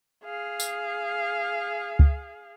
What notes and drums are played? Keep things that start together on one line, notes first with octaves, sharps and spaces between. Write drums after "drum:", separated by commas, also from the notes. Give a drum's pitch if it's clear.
G#4 F5
drum: tambourine
drum: kick C#2